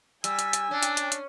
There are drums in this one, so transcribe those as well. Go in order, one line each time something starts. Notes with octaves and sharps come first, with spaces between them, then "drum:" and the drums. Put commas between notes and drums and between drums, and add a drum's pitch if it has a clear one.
G3 G#5 E6, drum: hi-hat
drum: hi-hat
drum: hi-hat
C#4 D4
drum: hi-hat
drum: hi-hat
drum: hi-hat